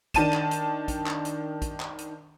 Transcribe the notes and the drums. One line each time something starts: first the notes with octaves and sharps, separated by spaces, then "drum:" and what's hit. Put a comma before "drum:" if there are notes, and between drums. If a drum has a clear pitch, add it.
D#3 D4 A5 D#7 E7, drum: kick, hi-hat
drum: clap
drum: hi-hat
drum: kick, hi-hat
drum: clap
drum: hi-hat
drum: kick, hi-hat
drum: clap
drum: hi-hat